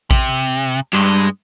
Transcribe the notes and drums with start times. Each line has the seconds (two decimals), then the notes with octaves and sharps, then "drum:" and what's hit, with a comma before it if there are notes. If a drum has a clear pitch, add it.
0.11 C3, drum: kick A1
0.94 G2 G#3